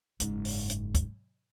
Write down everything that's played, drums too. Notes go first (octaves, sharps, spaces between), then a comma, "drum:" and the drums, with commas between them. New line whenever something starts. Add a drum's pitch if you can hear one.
F#1 G#2, drum: hi-hat
drum: open hi-hat
drum: hi-hat
drum: kick, hi-hat